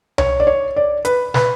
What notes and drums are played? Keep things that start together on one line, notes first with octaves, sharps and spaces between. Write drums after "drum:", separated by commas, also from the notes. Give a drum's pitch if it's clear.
C#5, drum: tom C2
D5
C#5
D5
B4, drum: hi-hat
B4, drum: snare